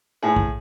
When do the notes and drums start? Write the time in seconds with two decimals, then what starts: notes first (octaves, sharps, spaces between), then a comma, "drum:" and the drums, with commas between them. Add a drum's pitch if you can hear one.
0.23 A2 G#4
0.36 drum: kick